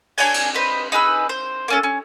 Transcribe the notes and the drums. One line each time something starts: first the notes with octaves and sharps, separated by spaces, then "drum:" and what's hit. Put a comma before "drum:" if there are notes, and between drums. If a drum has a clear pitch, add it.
D4 C#5 D5 G#5, drum: cymbal
drum: cymbal
B4 C5 D#5
D#4 G#4 B4 E6
C5
A#3 C#4 A4
C#4